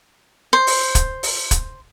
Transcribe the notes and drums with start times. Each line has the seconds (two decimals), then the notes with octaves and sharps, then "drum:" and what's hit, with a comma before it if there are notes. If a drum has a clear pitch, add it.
0.53 C5
0.67 drum: open hi-hat
0.95 drum: kick, hi-hat
1.23 drum: open hi-hat
1.51 drum: kick, hi-hat